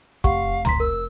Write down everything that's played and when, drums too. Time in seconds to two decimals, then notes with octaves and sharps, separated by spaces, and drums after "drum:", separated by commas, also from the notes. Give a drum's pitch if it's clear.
0.24 F1 G4 F5 F#5 C#6, drum: kick
0.65 A#5 C6 B6, drum: tom C#2
0.80 A#4 E6